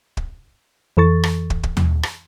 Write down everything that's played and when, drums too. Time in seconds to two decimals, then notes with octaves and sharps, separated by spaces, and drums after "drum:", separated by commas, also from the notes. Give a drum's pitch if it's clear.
0.17 drum: kick
0.97 F2 E3 A4 C#6 A6
1.23 drum: rim click
1.50 drum: kick
1.63 drum: kick
1.77 drum: tom D#2
2.03 drum: rim click